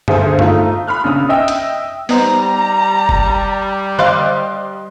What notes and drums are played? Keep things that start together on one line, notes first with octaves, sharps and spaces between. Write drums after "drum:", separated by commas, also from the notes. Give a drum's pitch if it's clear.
D2 G2 G#4 C5 E5 D#6, drum: tom G2
A3 D#4 F4, drum: tom G2
B5 C6 F6 F#6
A#1 C#3 D#6 E6
D#5 E5 G5 E6
drum: hi-hat
G3 B3 D#4 C5 A#5, drum: open hi-hat
drum: kick F1
C5 D#5 F5 C6 D6 F#6, drum: tom D3